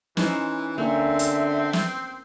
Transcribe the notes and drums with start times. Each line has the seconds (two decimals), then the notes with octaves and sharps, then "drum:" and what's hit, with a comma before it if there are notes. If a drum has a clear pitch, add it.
0.17 E3 C#4 D#4 C5, drum: snare
0.78 D3 A#3 C4 C#4 E5 C#6
1.19 drum: hi-hat
1.73 drum: snare